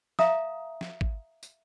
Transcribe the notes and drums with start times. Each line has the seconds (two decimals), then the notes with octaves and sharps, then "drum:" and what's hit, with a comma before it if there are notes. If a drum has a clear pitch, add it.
0.19 E5 F5 A#5 D#6, drum: snare
0.81 drum: snare
1.01 drum: kick
1.43 drum: tambourine